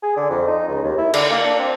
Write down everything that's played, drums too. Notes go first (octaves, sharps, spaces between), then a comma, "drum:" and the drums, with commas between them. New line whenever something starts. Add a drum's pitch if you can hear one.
G#4
D3
F2
D#4
C#2
D#2
E4
D3, drum: cymbal
A#3
D4
C4